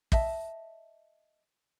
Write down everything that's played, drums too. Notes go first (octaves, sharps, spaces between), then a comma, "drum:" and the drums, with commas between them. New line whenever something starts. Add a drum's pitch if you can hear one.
D#5 E5 A5, drum: kick